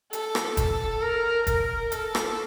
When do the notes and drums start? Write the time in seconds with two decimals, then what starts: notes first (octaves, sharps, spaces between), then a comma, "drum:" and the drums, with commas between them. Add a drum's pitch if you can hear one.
0.13 A4, drum: hi-hat
0.35 drum: rim click
0.57 A4, drum: kick, hi-hat
1.02 A#4
1.47 A#4, drum: kick, hi-hat
1.92 A4, drum: hi-hat
2.15 drum: rim click